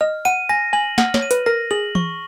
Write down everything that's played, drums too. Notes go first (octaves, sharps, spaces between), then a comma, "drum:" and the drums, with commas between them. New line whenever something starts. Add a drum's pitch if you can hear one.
D#5 F6
F#5 D#7
G#5 A#6
G#5 F#7
F#5 F6, drum: snare
C#5, drum: snare
D#7
B4, drum: hi-hat
A#4 A#6
G#4 F#7
C#6, drum: tom E3